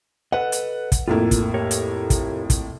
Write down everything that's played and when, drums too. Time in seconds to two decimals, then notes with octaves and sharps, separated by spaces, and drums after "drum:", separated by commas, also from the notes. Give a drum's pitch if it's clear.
0.32 A4 B4 D#5 F#5
0.52 drum: hi-hat
0.92 drum: kick, hi-hat
1.08 F2 A2 A#3 E4 F4
1.31 drum: kick, hi-hat
1.54 G4 A#4 C#5
1.71 drum: hi-hat
2.10 drum: kick, hi-hat
2.50 drum: kick, hi-hat